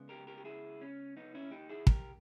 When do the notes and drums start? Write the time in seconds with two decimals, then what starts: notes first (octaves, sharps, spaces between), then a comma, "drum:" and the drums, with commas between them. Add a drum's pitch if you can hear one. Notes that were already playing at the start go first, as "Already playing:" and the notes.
Already playing: C#3 G#3 B3
0.09 G4 A#4
0.27 G4 A#4
0.37 G4
0.45 E4 G#4
0.81 C#4
1.17 B3 D#4
1.35 C#4 E4
1.51 D#4 G4
1.69 E4 G#4
1.87 G4 A#4, drum: kick